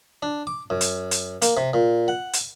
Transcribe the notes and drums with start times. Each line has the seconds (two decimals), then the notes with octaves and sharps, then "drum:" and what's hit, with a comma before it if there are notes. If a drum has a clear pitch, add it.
0.22 D4
0.47 D6
0.70 F#2
0.81 drum: hi-hat
1.11 drum: hi-hat
1.42 A#3, drum: hi-hat
1.57 C3
1.73 A#2
2.08 F#5
2.33 drum: hi-hat